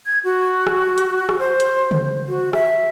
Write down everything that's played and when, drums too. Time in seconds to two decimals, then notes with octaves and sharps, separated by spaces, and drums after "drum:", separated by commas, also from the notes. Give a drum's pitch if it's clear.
0.06 G#6
0.24 F#4
0.67 drum: rim click
0.98 drum: hi-hat
1.29 drum: rim click
1.39 C5
1.60 drum: hi-hat
1.91 drum: tom C#3
2.28 F#4
2.53 E5, drum: rim click